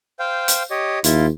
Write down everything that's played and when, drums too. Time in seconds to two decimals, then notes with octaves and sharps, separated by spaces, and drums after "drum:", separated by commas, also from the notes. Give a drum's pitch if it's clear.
0.19 C5 F5 G5
0.48 drum: hi-hat
0.71 G4 C#5 D#5
1.04 D#2 E4 F4, drum: hi-hat